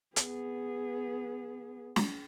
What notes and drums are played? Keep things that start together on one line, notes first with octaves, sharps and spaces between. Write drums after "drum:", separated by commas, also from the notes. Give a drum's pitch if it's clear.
B3 G#4, drum: hi-hat
drum: snare